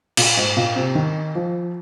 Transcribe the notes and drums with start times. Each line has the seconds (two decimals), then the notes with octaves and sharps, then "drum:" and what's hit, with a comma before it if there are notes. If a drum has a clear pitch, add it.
0.17 A#2, drum: cymbal
0.37 G#2
0.57 A#2
0.76 C3
0.95 D#3
1.35 F3